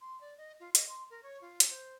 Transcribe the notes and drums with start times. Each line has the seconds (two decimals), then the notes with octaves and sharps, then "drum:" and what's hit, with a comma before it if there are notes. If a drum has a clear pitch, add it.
0.01 C6
0.21 D5
0.38 D#5
0.60 F4
0.75 D#5, drum: hi-hat
0.89 C6
1.10 A#4
1.23 C#5
1.41 F4
1.60 drum: hi-hat
1.70 C5